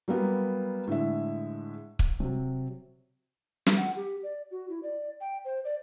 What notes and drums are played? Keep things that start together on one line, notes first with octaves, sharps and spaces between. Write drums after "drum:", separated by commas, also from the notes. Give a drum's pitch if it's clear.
F#3 G3 A#3 B3 G4
A2 D3 G#3 E5
drum: kick C#1
C3 F#3
drum: snare
F#5
G4
D5
F#4
E4
D5
G5
C5
D5